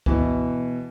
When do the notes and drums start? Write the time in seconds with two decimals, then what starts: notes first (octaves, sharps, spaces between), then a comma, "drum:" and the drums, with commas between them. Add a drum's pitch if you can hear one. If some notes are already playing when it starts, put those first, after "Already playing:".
0.06 B2 E3, drum: kick C#2